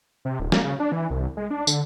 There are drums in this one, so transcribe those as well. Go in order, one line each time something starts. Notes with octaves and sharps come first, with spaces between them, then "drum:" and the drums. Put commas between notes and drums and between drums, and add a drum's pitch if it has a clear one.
C3
D1
A#3, drum: snare
C#3
D4
E3
C2
G#3
D4
D3, drum: tambourine